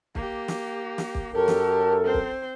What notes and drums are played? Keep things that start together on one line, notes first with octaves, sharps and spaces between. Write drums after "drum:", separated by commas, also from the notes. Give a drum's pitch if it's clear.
A#3 G4, drum: kick
drum: snare
drum: snare
drum: kick
F#2 G4 A4 A#4 C#5
drum: snare
C4 C5
drum: kick